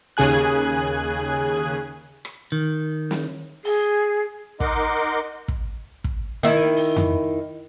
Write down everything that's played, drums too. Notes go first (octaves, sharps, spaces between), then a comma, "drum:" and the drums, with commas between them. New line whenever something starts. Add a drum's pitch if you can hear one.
D#2 C#3 G#4 G#5 F#6
drum: rim click
D#3
drum: snare
G#4, drum: open hi-hat
D#4 A#4 D#5 F#5 C6 D6, drum: kick
drum: kick
drum: kick
D#3 E4
drum: open hi-hat
drum: tom F2